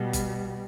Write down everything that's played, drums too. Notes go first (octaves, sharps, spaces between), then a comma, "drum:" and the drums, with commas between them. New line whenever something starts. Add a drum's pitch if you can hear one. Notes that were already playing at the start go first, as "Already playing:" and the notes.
Already playing: B2 G3
drum: kick F#1, hi-hat